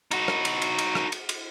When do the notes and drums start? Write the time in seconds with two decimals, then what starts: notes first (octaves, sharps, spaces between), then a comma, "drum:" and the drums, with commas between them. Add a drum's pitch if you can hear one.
0.11 D#4 F#4, drum: cymbal
0.28 drum: rim click
0.45 drum: cymbal
0.62 drum: cymbal
0.79 drum: cymbal
0.95 drum: rim click
1.12 drum: cymbal
1.29 drum: cymbal